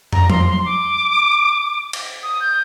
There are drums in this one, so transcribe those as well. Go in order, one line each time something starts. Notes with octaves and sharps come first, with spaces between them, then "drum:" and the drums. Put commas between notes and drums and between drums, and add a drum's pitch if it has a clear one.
A#5, drum: tom
C6, drum: tom F3
C6
D6
drum: cymbal
D#6
G6